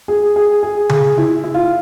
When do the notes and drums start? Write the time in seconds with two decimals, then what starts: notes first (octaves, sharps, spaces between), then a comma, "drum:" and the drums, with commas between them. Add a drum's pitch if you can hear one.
0.08 G#4
0.36 G#4
0.63 G#4
0.89 G#4, drum: tom C#3
1.17 E4
1.44 E4
1.54 F4
1.64 E4